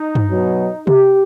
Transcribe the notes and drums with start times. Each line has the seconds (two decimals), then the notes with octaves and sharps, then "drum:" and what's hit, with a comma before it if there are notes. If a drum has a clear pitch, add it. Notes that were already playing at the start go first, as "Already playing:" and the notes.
Already playing: D#4
0.15 drum: tom G2
0.29 B2 F#3
0.87 G4, drum: tom C3